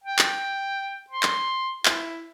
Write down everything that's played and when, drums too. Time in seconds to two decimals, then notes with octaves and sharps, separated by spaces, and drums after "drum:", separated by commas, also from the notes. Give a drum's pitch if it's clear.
0.04 G5
0.19 drum: clap
1.10 C6
1.23 drum: clap
1.85 E4, drum: clap